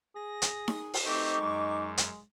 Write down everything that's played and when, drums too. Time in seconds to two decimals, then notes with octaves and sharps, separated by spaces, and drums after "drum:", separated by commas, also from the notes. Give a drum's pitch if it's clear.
0.16 G#4 A#6
0.42 drum: hi-hat
0.68 drum: snare D#4
0.94 drum: open hi-hat
1.05 A3 C4 D#4 G4 C#6 D6
1.39 F#2 G#3
1.98 drum: hi-hat